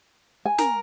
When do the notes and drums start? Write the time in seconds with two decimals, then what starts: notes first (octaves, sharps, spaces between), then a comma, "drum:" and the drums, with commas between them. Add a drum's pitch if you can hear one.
0.46 G#5
0.58 A#4, drum: snare